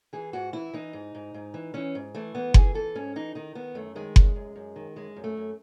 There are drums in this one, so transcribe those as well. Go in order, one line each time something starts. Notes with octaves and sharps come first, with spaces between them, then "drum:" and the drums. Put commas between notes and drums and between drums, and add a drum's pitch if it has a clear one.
E3 G#4
G#2 F#4
E3 E4
E3 D#4
G#2
G#2
G#2
E3
E3 C#4
G#2
E3 A3
E3 B3
E3 G#4, drum: kick F#1
E3 A4
G#2 C#4
E3 D#4
D#3 D#4
D#3 B3
F#2 A3
D#3 G#3
F#2, drum: kick F#1
F#2
F#2
D#3
F#2 G#3
F#2
A3
F#2